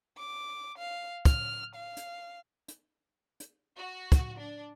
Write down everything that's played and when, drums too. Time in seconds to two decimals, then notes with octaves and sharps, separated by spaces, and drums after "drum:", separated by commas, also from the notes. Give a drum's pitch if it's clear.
0.18 D6
0.78 F5
1.25 F6, drum: kick, hi-hat
1.75 F5
1.97 drum: hi-hat
2.68 drum: hi-hat
3.40 drum: hi-hat
3.78 F#4
4.12 drum: kick, hi-hat
4.39 D4